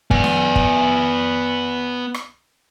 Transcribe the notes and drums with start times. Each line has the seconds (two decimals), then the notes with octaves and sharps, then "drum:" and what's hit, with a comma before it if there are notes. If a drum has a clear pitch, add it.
0.11 B3 G#5, drum: kick
0.24 drum: snare
0.56 drum: kick
2.14 drum: rim click